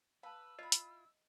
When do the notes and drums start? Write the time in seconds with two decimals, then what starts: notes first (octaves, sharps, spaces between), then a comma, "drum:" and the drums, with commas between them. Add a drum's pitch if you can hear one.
0.23 B4 F5 A5 E6
0.59 E4 F4 D#5 B5
0.72 drum: hi-hat